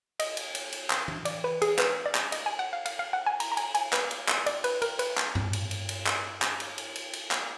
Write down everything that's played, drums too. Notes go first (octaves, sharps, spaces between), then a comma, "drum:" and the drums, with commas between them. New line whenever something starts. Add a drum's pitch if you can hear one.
D#5, drum: cymbal
drum: cymbal
drum: cymbal
drum: cymbal
drum: clap
drum: tom E3
D5, drum: cymbal
B4
G#4, drum: cymbal
B4, drum: clap
D5
drum: clap
D#5, drum: cymbal
G#5
F#5
F5
F5, drum: cymbal
F5
F#5
G#5
A#5, drum: cymbal
A#5
G#5, drum: cymbal
G#5, drum: cymbal
B4, drum: clap
drum: cymbal
drum: clap
D5, drum: cymbal
B4, drum: cymbal
A#4, drum: cymbal
B4, drum: cymbal
drum: clap
drum: tom G2
drum: cymbal
drum: cymbal
drum: cymbal
drum: clap
drum: clap
drum: cymbal
drum: cymbal
drum: cymbal
drum: cymbal
drum: clap